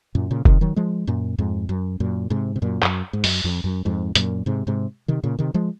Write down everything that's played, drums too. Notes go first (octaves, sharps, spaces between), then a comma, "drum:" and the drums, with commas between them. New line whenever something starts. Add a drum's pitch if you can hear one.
F#2 A#2
A#2 C#3
C3 D#3, drum: kick F1
D#3 F#3
F3 G#3
F#2 A#2
F2 G#2
F#2
F#2 A#2
G#2 C3
C3
F#2 A#2
F#2, drum: clap
G#2
F#2, drum: open hi-hat
F2
F#2
F2 G#2
F#2 A#2, drum: hi-hat
G#2 C3
G#2 C3
C3 D#3
A#2 C#3
C3 D#3
F3 G#3